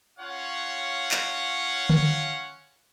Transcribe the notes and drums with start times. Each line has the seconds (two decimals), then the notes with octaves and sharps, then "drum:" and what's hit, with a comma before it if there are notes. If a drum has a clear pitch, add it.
0.19 C#4 F4 C#5 F5 F#5
1.11 drum: clap
1.90 drum: tom D3